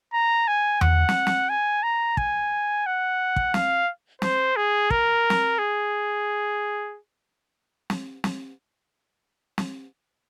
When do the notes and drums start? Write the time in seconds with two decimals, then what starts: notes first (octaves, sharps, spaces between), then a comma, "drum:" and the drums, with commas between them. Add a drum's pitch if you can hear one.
0.13 A#5
0.47 G#5
0.81 F#5, drum: tom E2
1.09 drum: snare
1.27 drum: snare
1.49 G#5
1.83 A#5
2.17 G#5, drum: kick
2.86 F#5
3.36 drum: kick
3.54 F5, drum: snare
4.22 C5, drum: snare
4.57 G#4
4.90 A#4, drum: kick
5.30 drum: snare
5.58 G#4
7.90 drum: snare
8.24 drum: snare
9.58 drum: snare